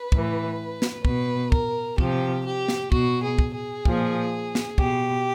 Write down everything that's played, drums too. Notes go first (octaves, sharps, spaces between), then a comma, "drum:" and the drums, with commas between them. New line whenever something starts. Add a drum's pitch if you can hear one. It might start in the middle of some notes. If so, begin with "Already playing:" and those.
Already playing: B4
A2 E3, drum: kick
drum: snare
B2 B4, drum: kick
A#4, drum: kick
C3 F3 G4, drum: kick
G4
drum: snare
B2 F#4, drum: kick
G#4
drum: kick
G#4
A#2 F3, drum: kick
drum: snare
B2 G4, drum: kick